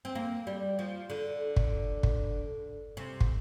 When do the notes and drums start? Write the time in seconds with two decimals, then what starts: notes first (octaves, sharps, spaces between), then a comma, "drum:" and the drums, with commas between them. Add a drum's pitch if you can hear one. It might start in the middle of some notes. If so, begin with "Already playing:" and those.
0.05 C4
0.15 A#3
0.47 G3
0.79 F3
1.10 D3
1.56 drum: kick
2.03 drum: kick
2.97 C3
3.21 drum: kick